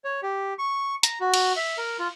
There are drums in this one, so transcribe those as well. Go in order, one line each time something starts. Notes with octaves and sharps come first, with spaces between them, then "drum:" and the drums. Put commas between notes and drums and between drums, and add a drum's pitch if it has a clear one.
C#5
G4
C#6
A#5, drum: hi-hat
F#4
drum: cymbal
E5
A#4
F4